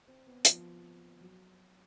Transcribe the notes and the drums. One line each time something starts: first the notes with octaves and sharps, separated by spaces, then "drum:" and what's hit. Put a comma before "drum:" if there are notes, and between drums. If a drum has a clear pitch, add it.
C4
B3
F3, drum: hi-hat
F#3